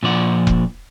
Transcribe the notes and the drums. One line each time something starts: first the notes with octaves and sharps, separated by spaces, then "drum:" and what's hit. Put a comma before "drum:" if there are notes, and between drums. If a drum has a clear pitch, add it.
A#2 F3 D5 F#5
drum: kick E1